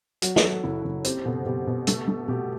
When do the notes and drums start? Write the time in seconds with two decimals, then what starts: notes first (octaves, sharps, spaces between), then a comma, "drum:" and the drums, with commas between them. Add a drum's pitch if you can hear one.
0.22 F#3 F#4, drum: hi-hat
0.36 A4, drum: snare
0.43 F#3
0.64 F#1 E4
0.84 F#1
1.04 C4 G4, drum: hi-hat
1.25 B2 A4
1.46 B2 G4
1.67 B2
1.87 A3 G4, drum: hi-hat
2.08 A3
2.24 F#4
2.28 B2 G4